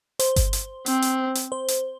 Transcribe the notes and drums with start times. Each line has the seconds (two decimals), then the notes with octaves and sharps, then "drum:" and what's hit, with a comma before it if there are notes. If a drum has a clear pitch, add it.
0.19 C5, drum: hi-hat
0.36 drum: kick G1, hi-hat
0.53 drum: hi-hat
0.86 C4, drum: hi-hat
1.02 drum: hi-hat
1.35 drum: hi-hat
1.52 C5
1.68 drum: hi-hat